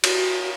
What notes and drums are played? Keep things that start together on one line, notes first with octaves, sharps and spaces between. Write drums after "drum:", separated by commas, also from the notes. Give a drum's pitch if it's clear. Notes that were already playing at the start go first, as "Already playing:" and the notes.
F#4, drum: cymbal